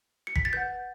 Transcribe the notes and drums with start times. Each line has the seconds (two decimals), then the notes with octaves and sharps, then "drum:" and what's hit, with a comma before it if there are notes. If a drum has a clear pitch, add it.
0.27 C#7
0.36 B6, drum: kick
0.45 A6
0.53 B4 F#5 G6